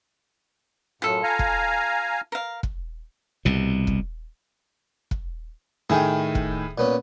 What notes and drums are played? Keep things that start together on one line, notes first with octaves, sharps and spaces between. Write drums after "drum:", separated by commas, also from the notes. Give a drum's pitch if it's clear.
F#2 A2 F4 A4
F5 G#5 A#5
drum: kick
A#4 F5
drum: kick
C2 B2
drum: kick
drum: kick
A2 D#3 G#4 G5 G#5
drum: kick
A#2 B3 C#4